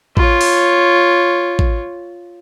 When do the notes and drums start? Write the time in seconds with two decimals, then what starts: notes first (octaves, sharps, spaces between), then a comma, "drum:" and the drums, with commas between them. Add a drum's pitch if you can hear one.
0.17 F4 C#5, drum: kick A1
0.41 drum: open hi-hat
1.59 drum: kick A1